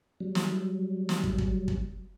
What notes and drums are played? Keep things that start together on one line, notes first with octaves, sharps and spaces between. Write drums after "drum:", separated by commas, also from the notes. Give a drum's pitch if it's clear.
F#3 G3
drum: snare
drum: snare
drum: kick
drum: kick
drum: kick